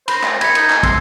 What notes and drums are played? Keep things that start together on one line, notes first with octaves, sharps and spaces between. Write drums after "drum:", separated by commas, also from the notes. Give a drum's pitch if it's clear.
C5 B5 A#6, drum: cymbal
drum: clap
B5 G#6 C#7, drum: cymbal
D#4, drum: cymbal
drum: clap
C6 E6, drum: kick, cymbal